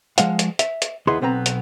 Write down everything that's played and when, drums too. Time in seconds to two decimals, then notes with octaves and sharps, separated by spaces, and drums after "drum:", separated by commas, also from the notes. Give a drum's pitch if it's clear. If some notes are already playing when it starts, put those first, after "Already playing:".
0.18 F3 G#3 F5 F#5, drum: hi-hat
0.39 drum: hi-hat
0.59 E5, drum: hi-hat
0.82 drum: hi-hat
1.07 D#2 B3 E4 G#4 D#5 C6
1.21 B1 B3 C4 B4 A#5
1.46 drum: hi-hat